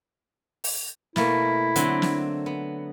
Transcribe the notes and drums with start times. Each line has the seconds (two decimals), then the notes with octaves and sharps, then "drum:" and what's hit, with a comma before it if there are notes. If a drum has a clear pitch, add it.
0.64 drum: open hi-hat
1.16 B2 A3 A#3 E4, drum: snare
1.76 D3 F#3 C4, drum: hi-hat
2.02 drum: snare
2.46 B3